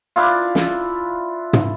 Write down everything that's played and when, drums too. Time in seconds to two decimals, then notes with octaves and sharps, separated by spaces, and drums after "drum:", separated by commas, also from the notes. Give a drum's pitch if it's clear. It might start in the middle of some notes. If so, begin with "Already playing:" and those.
0.16 D4 E4 F4
0.55 drum: snare
1.53 drum: tom